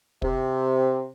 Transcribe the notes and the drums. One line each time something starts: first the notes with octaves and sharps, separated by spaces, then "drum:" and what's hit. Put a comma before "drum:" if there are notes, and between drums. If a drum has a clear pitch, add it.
C3, drum: kick